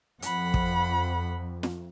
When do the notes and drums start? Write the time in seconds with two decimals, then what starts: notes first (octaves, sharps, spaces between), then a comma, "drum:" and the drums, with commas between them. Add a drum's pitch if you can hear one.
0.22 F2 F#5 B5, drum: hi-hat
0.54 drum: kick
1.63 drum: snare